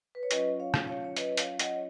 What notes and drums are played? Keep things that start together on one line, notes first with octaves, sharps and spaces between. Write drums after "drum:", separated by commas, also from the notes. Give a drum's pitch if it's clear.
B4
C#5
F#3 C#4 F4 B4 D#5, drum: hi-hat
C#5 F5
drum: rim click
C#5 F5
C#5
B4 D#5, drum: hi-hat
C#5 F5, drum: hi-hat
D#5 F#5, drum: hi-hat
C#5